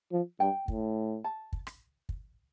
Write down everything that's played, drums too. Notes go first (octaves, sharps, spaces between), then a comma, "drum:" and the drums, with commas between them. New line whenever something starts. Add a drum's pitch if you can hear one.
F3
G2 G5
A2, drum: kick
A5
drum: kick
drum: rim click
drum: kick